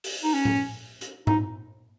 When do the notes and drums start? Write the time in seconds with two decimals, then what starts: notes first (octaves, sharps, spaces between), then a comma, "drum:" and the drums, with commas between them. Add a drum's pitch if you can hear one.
0.04 drum: open hi-hat
0.23 D#4
0.33 C#4
0.45 drum: tom A2
1.01 drum: hi-hat
1.27 D#4, drum: tom G#2